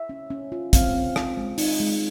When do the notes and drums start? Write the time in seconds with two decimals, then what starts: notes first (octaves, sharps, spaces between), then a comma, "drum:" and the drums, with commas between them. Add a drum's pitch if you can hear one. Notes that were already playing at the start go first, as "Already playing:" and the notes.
Already playing: E5
0.09 C#4
0.30 C#4
0.52 F4
0.73 C4 F5, drum: kick, hi-hat
0.94 C4
1.16 C4, drum: rim click
1.37 G#3
1.58 D#4, drum: open hi-hat
1.80 G#3